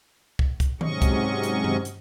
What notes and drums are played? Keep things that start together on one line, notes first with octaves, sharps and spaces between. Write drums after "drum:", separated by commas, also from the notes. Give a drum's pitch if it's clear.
drum: kick
drum: kick, hi-hat
G#2 C3 F#3 C#4 D#5 C#6, drum: tom D#3
drum: kick, hi-hat
drum: hi-hat
drum: tom G2
drum: hi-hat